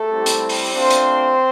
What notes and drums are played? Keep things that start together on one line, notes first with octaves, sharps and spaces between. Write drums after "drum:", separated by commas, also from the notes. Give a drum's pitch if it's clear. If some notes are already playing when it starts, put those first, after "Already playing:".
Already playing: A3 A4
G3 C4 E4 G4
drum: hi-hat
drum: open hi-hat
A3 C4 D4 F4 C5
drum: hi-hat